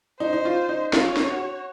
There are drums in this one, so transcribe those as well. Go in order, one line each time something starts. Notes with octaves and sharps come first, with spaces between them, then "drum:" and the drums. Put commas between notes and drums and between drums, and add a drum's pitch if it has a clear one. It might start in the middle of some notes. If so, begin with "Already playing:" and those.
D#4 C5
D#4
F4
D#4
F4 C#5, drum: snare
drum: snare
F#4